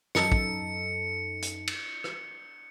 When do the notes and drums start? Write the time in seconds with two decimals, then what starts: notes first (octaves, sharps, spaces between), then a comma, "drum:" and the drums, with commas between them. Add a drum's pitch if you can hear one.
0.15 F#2 D#4 A4 C#7, drum: snare
0.32 drum: kick
1.42 drum: hi-hat
1.67 drum: cymbal
2.04 drum: rim click